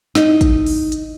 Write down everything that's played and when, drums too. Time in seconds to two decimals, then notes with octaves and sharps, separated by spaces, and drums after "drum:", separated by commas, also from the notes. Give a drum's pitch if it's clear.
0.15 D#4, drum: snare
0.41 drum: kick, hi-hat
0.66 drum: open hi-hat
0.92 drum: hi-hat